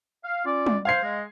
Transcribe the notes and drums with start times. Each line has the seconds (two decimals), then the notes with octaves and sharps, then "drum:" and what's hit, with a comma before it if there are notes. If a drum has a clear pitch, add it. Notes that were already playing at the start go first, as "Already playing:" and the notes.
0.24 F5
0.44 C#4 F4 D5
0.66 drum: tom G3
0.85 C5 F5 G#6 C7
1.01 G#3